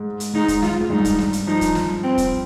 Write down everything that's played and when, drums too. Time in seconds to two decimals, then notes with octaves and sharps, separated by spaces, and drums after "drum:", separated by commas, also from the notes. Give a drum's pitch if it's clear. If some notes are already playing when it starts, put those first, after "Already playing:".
Already playing: G#2
0.20 drum: hi-hat
0.33 G#2 D#4
0.48 drum: kick, hi-hat
0.62 F4, drum: snare
0.80 G#2
0.90 G2 D#4
1.05 drum: kick, hi-hat
1.19 drum: snare
1.33 drum: hi-hat
1.47 F3 D#4
1.61 drum: kick, hi-hat
1.75 drum: snare
2.03 C4
2.18 drum: kick, hi-hat